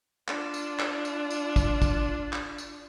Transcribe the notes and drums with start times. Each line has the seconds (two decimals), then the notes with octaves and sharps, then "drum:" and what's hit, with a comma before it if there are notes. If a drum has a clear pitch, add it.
0.28 D4 F4, drum: clap
0.54 drum: tambourine
0.79 drum: clap
1.05 drum: tambourine
1.31 drum: tambourine
1.56 drum: kick, tambourine
1.82 drum: kick, tambourine
2.33 drum: clap
2.58 drum: tambourine